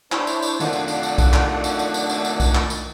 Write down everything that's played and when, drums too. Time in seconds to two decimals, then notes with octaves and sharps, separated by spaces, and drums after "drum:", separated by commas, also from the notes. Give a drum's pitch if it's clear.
0.12 D4 E4 C5 C#5, drum: clap
0.27 drum: tambourine
0.42 drum: tambourine
0.60 D#3 A3 D4 F4 F#5, drum: tambourine
0.73 drum: tambourine
0.88 drum: tambourine
1.03 drum: tambourine
1.18 drum: kick B1, tambourine
1.33 drum: clap
1.64 drum: tambourine
1.79 drum: tambourine
1.94 drum: tambourine
2.09 drum: tambourine
2.25 drum: tambourine
2.40 drum: kick B1, tambourine
2.55 drum: clap
2.70 drum: tambourine